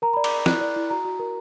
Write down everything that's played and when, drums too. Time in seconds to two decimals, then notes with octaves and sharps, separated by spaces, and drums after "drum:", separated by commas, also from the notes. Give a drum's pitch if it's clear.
0.02 A#4 A#5
0.14 B5
0.17 D5
0.24 D6, drum: cymbal
0.32 A#4
0.46 E4 F#6, drum: snare
0.61 D5
0.76 E4
0.90 F#4 A#5
1.05 F#4
1.19 A#4